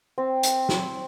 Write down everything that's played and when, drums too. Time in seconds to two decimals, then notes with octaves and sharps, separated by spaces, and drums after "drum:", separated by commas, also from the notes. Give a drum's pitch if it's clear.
0.18 C4
0.43 drum: hi-hat
0.69 drum: snare